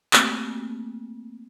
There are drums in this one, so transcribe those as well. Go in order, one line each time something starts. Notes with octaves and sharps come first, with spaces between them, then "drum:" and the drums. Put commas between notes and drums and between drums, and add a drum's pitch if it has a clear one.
A3 A#3 C4, drum: clap